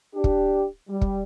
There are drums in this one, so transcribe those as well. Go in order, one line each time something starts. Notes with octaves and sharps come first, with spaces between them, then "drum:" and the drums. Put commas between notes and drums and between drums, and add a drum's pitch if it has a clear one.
D4 G4
drum: kick
G3
drum: kick